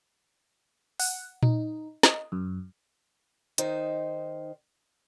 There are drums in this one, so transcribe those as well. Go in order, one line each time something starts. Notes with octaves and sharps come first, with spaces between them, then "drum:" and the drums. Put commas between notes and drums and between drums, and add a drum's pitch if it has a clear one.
F#5, drum: open hi-hat
D#4, drum: tom A#2
D#5, drum: snare
F#2
D#3 D#4 C5, drum: hi-hat